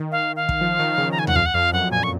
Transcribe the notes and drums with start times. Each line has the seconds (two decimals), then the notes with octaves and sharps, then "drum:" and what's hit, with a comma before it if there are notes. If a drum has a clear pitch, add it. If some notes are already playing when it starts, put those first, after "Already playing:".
Already playing: D#3
0.12 F5
0.36 F5
0.49 drum: kick
0.61 F3
0.79 D#3
0.98 C#3
1.12 A#5
1.17 C#3 G#5
1.27 F#5, drum: tom D#2
1.36 F2 F5
1.46 F#5
1.54 F2 F5
1.73 F#2 F#5
1.91 A#2 G#5
2.03 C#6